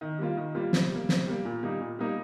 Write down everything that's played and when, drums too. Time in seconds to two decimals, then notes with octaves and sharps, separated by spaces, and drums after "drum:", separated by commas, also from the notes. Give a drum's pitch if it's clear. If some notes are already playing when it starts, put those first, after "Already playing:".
0.01 D#3
0.19 G3 A#3 F4
0.37 D#3
0.55 G3 A#3 F4
0.73 C3, drum: snare
0.91 G3 A#3
1.09 C3, drum: snare
1.27 G3 A#3
1.45 A#2
1.63 G3 A#3 D#4
1.81 A#2
1.99 G3 A#3 D#4